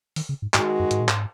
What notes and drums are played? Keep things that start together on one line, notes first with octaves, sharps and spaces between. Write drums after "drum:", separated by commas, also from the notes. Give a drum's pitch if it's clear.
D#3, drum: open hi-hat
C#3
G#2
G#2 D#3 G#3 F#4, drum: clap
F#2
G#2, drum: hi-hat
A#2
G#2, drum: clap